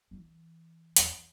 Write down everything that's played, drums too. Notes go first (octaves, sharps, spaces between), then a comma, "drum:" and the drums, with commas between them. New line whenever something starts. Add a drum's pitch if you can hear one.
E3
E2, drum: hi-hat